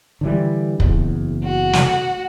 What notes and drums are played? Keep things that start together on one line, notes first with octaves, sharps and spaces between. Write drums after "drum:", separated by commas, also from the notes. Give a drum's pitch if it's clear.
D3 E3 G3
F#1 E2, drum: kick
F#4
drum: snare